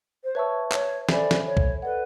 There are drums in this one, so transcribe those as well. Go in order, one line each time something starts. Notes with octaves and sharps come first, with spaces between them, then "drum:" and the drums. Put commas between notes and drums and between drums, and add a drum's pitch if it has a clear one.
C5
B4 C#5 E5 A5 C#6 E6
C#5, drum: clap
A4 C5 D5 E5 G#5 B5, drum: snare
drum: snare
C#5
drum: kick
A4 B4 D5 F#5